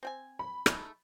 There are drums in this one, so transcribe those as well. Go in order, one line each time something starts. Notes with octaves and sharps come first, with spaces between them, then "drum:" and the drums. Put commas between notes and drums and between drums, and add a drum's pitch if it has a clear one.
C4 G5 G#5
B5
G#3 A3 D#4, drum: rim click